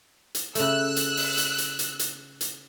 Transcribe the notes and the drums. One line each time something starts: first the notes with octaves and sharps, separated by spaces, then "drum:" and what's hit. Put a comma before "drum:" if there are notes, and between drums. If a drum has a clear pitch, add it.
drum: hi-hat
C#3 A3 E6 F#6, drum: hi-hat
drum: hi-hat
drum: open hi-hat
drum: hi-hat
drum: hi-hat
drum: hi-hat
drum: hi-hat
drum: hi-hat